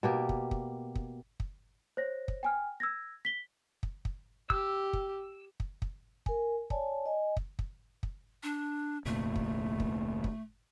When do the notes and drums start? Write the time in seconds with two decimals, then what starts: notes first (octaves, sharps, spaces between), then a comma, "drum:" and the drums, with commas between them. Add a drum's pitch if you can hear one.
0.03 B2 A#3 G4
0.29 drum: kick
0.51 drum: kick
0.95 drum: kick
1.40 drum: kick
1.97 C5 C#5 A#6
2.28 drum: kick
2.43 G5 G#5 F6
2.80 E6 G#6 A#6
3.25 B6 G7
3.83 drum: kick
4.05 drum: kick
4.50 G4 E6, drum: kick
4.93 drum: kick
5.60 drum: kick
5.82 drum: kick
6.26 A#4 G#5, drum: kick
6.70 C#5 D5 G#5 A5, drum: kick
7.06 D#5 G#5
7.37 drum: kick
7.59 drum: kick
8.03 drum: kick
8.43 D4
9.05 F1 D2 A#2 A3
9.36 drum: kick
9.80 drum: kick
10.24 drum: kick